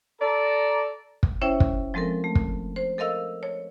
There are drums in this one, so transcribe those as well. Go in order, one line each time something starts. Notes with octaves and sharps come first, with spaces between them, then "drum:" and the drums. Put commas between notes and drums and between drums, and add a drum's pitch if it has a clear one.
A4 D5 A#5
drum: kick
C#4 E4 C5 C#5 E5 G5
drum: kick
F3 G#3 C4 A4 A#4
A3
drum: kick
C5
A4 A#4 D#5 F5 E6
C#5